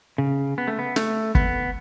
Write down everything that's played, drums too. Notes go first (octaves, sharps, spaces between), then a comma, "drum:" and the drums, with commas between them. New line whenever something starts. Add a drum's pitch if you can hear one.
C#3
B3
A3
B3
A3, drum: snare
B3, drum: kick